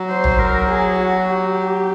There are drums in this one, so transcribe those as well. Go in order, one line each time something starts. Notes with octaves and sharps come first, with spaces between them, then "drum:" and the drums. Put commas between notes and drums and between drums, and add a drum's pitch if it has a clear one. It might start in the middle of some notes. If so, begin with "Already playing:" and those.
Already playing: F#3
C5
drum: tom
A#4
G#4
F#4
G4